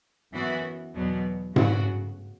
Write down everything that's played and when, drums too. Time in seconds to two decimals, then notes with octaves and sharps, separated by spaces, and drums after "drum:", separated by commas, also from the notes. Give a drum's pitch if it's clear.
0.32 F#2 E3 B3 F#4
0.94 E2 B2 F#3 B3
1.56 C#3 F#3 B3 F#4, drum: tom G#2